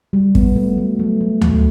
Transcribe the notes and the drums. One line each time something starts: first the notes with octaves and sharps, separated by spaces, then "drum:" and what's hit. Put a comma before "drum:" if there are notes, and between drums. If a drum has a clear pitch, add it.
G3
B3, drum: kick
A3
F#3
A3
F#3
A3, drum: tom D2